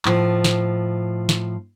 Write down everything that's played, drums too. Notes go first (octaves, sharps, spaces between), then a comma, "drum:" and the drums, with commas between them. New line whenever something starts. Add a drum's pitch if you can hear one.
A2 F3, drum: clap
drum: snare
drum: snare